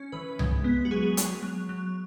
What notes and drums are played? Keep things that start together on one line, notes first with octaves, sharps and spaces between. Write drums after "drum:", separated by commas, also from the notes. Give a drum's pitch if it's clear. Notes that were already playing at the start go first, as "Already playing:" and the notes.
Already playing: C#4
E3 B4
G#3, drum: tom C2
B3
F#4
F#3 G#4
F#3, drum: hi-hat
F#3
F#3